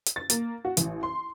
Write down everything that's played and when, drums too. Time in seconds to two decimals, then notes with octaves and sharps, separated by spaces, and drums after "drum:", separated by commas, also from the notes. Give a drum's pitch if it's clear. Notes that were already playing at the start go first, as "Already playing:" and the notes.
0.07 drum: hi-hat
0.16 A6
0.30 A#3, drum: hi-hat
0.65 F#4
0.77 A1, drum: hi-hat
1.03 C6